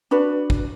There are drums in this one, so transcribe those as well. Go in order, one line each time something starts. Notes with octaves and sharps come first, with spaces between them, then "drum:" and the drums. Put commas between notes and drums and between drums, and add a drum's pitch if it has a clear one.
D4 F#4 B4
drum: kick G#1